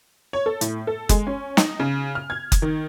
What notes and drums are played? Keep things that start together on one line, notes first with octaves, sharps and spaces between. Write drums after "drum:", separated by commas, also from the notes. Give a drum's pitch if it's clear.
C#5
A4
A2, drum: hi-hat
A4
G#3, drum: kick F#1, hi-hat
C#4
D#4, drum: snare
C#3
F6
G#6
drum: kick F#1, hi-hat
D#3